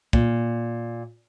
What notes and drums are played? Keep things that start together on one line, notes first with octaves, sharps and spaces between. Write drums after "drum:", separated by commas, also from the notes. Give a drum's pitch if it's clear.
A#2, drum: kick